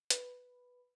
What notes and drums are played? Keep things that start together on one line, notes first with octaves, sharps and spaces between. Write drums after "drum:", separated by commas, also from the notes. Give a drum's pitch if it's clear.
B4, drum: hi-hat